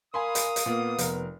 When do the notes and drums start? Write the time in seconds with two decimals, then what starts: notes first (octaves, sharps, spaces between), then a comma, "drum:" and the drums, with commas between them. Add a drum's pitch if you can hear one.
0.14 A#4 F5 G#5 B5 C6 D#6
0.35 drum: hi-hat
0.56 drum: hi-hat
0.66 A#2 A#3 B3
0.98 F1 A#4, drum: hi-hat